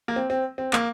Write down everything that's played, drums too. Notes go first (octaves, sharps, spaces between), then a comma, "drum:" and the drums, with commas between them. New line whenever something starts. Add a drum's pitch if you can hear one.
A#3
C4
C4
C4
A#3, drum: clap